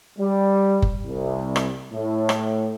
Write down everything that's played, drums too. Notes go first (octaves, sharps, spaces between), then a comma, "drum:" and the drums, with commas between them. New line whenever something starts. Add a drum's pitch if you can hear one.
G3
drum: kick F#1
C2
drum: rim click
A2
drum: rim click